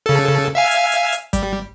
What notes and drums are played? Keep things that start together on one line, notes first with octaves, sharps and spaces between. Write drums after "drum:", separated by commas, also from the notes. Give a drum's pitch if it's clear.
C#3 A4
E5 F5 G#5
drum: hi-hat
drum: hi-hat
drum: hi-hat
G3, drum: kick G#1, hi-hat